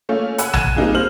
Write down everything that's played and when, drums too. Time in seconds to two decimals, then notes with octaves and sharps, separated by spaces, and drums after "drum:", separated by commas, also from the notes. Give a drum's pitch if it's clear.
0.09 A3 A#3 C#4 F4
0.38 F#5 G#5 B5 E6 F#6, drum: hi-hat
0.53 F#6 G#6 D#7 E7, drum: tom
0.76 G3 A#3 C4 D#4 F4 G#4
0.95 C5 F6 F#7